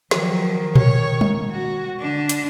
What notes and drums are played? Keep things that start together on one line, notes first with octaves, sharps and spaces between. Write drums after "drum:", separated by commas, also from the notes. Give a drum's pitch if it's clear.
D#3 F3 F#3, drum: snare
C#5, drum: tom A#2
drum: tom
F#4
D3 D4
drum: hi-hat